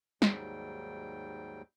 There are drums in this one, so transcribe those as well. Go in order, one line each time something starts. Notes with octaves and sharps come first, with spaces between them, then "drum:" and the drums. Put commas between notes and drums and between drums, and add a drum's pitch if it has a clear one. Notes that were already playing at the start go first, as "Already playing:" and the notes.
D#2 G#2 F#3 G3 G5, drum: snare